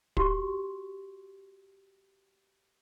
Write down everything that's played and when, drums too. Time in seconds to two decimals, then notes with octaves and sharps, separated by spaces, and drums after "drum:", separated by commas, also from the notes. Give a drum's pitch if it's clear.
0.17 F#4 G4 C6 C#6, drum: kick